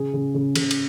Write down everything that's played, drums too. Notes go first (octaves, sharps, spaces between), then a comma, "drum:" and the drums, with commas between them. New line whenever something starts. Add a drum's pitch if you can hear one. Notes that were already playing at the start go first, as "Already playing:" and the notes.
Already playing: C#3 G#4
C#3
C#3
C#3, drum: cymbal
drum: cymbal